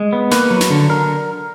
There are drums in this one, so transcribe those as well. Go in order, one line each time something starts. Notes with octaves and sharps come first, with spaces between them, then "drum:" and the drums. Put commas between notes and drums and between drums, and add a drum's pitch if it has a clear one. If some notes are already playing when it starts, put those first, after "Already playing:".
Already playing: G#3
B3
A#3 B4, drum: snare
F#3
drum: snare
D3
D3 A#4